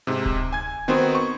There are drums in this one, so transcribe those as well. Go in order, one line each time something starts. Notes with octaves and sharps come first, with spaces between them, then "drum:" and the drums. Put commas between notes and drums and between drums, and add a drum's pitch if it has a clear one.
G#2 C3
drum: kick D1
G#5 G#6
D#3 B3 C4 F#4 C5
C#6